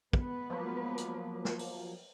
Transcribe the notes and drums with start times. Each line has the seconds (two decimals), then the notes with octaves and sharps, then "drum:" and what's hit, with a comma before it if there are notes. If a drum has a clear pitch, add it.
0.13 G#3 B3 B4, drum: kick
0.50 F3 F#3 A#3
0.98 drum: hi-hat
1.45 drum: snare
1.59 drum: open hi-hat